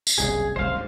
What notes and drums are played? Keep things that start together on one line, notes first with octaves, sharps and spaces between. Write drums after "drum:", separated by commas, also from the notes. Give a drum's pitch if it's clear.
drum: tambourine
F#1 C2 B2 G#4
F#1 C2 G#2 C5 F5
D2 G#2